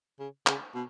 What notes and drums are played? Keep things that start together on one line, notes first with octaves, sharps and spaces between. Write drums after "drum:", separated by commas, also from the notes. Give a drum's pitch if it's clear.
C#3
C#3, drum: clap
B2